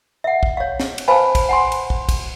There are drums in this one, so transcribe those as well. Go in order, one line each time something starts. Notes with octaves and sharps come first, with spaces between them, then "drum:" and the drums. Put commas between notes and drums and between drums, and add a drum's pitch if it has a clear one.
E5 F#5
drum: kick
C#5 F5
drum: snare
drum: cymbal
B4 C5 F5 G#5 A5 B5
drum: kick, cymbal
F#5 G#5 C6
drum: cymbal
drum: kick
drum: kick, cymbal